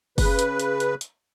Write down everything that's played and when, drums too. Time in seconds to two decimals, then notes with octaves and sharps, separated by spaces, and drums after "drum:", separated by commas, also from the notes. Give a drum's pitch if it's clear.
0.18 C#3 B4, drum: kick F#1, open hi-hat
0.39 drum: hi-hat
0.60 drum: hi-hat
0.80 drum: hi-hat
1.01 drum: hi-hat